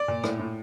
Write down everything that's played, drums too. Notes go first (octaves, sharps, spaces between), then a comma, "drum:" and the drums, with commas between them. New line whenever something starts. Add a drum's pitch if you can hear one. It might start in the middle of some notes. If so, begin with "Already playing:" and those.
Already playing: D5
A#2
A2, drum: rim click
A2